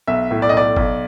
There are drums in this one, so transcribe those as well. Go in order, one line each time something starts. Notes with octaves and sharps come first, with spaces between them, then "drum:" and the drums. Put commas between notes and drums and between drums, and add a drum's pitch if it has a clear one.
B1 E5
A2
D5
D#5
B1 D5
B1, drum: kick G1